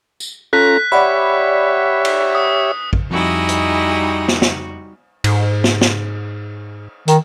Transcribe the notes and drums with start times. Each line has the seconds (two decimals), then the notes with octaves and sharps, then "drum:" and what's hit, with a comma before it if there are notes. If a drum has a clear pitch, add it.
0.20 drum: tambourine
0.53 C#4 F4 A4 A#5 F#6 B6
0.92 G4 C#5 D5 E5 F#5 B5
2.05 drum: cymbal
2.35 D#6
2.93 drum: kick A1
3.11 F2 G3 D#4 E4 F#4 G#4 D#5
3.49 drum: hi-hat
4.28 drum: snare
4.42 drum: snare
5.24 G#2, drum: cymbal
5.64 drum: snare
5.81 drum: snare
7.08 D#3, drum: hi-hat